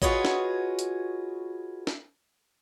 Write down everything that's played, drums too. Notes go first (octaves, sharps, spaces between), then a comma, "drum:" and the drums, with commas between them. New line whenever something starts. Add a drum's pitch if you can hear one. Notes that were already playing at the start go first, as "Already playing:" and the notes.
F4 F#4 G#4 B4 C#5 D#5, drum: kick A1
drum: snare
drum: hi-hat
drum: snare